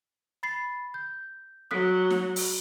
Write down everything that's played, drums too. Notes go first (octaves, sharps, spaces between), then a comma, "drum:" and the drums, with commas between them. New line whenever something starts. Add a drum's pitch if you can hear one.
B5 A6 C7
G6
F#3 D#6 F#6 B6
drum: snare
drum: open hi-hat